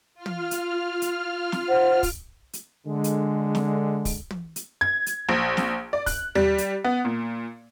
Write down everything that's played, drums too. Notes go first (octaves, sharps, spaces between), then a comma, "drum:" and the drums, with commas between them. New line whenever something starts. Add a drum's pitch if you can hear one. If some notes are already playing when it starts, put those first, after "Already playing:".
F4 F6
drum: tom
drum: hi-hat
drum: hi-hat
drum: snare
C5 F#5
drum: kick, open hi-hat
drum: hi-hat
D3 G#3
drum: hi-hat
drum: snare
drum: kick, open hi-hat
drum: tom
drum: hi-hat
G#6
drum: hi-hat
A#1
drum: snare
D5
F#6, drum: kick, open hi-hat
G3, drum: tom D#2
drum: hi-hat
B3
A#2